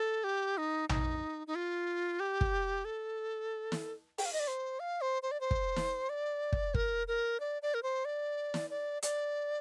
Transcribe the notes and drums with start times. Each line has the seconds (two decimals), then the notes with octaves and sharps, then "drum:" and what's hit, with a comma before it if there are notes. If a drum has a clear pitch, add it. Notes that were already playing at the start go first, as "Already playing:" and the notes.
Already playing: A4
0.24 G4
0.58 D#4
0.89 D#4, drum: tom A#1
1.47 D#4
1.55 F4
2.20 G4
2.41 drum: kick
2.85 A4
3.72 drum: snare
4.18 G5, drum: open hi-hat
4.25 F5
4.33 D#5
4.40 D5
4.48 C5
4.80 F5
5.01 C5
5.23 C5
5.31 D5
5.41 C5
5.51 drum: kick
5.76 drum: snare
6.09 D5
6.52 drum: kick
6.74 A#4, drum: kick
7.08 A#4
7.40 D5
7.62 D5
7.74 A#4
7.83 C5
8.05 D5
8.54 drum: snare
8.70 D5
9.02 D5, drum: hi-hat